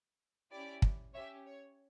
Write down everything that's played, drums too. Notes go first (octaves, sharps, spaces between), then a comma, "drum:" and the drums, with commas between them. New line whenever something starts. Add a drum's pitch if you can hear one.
C#4 E4 G4 D5
drum: kick
C#4 G4 C#5 E5
C#5